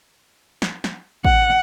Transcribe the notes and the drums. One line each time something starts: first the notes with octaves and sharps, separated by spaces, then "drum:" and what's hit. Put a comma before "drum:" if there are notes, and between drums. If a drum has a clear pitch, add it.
drum: snare
drum: snare
F#5, drum: kick